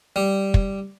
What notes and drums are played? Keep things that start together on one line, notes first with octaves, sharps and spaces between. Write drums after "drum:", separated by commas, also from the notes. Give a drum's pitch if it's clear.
G3
drum: kick